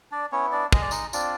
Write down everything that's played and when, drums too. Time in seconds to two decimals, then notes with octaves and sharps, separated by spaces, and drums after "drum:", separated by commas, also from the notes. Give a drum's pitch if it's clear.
0.11 D4 D5
0.32 B3 C#4 E4 C#5
0.52 D4 D5
0.72 G#3 D#5, drum: kick
0.82 D5
0.91 D#4 D#5, drum: tambourine
1.13 C4 D4 F4 D5, drum: tambourine